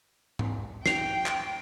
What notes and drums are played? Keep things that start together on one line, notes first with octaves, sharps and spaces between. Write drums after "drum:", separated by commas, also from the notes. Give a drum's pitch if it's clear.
drum: tom G#2
G5 C7 F7, drum: snare
drum: clap